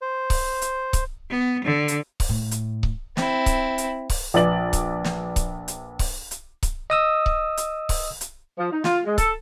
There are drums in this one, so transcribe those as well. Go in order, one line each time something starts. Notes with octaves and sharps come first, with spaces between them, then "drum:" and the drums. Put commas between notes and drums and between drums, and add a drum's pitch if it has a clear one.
C5
drum: kick C#1, open hi-hat
drum: hi-hat
drum: kick C#1, hi-hat
B3
D3
drum: hi-hat
drum: kick C#1, open hi-hat
A2
drum: hi-hat
drum: kick C#1
C4 E4, drum: snare
drum: kick C#1, hi-hat
drum: hi-hat
drum: kick C#1, open hi-hat
A#1 B4 D5 F#7
drum: kick C#1, hi-hat
drum: snare
drum: kick C#1, hi-hat
drum: hi-hat
drum: kick C#1, open hi-hat
drum: hi-hat
drum: kick C#1, hi-hat
D#5 D#6 E6
drum: kick C#1
drum: hi-hat
drum: kick C#1, open hi-hat
drum: hi-hat
F3
D#4
F4, drum: snare
G#3
A4, drum: kick C#1, hi-hat